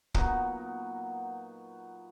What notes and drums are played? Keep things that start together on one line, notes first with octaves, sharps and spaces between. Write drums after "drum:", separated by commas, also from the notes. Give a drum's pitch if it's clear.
A#2 F#3 B3 D#4, drum: kick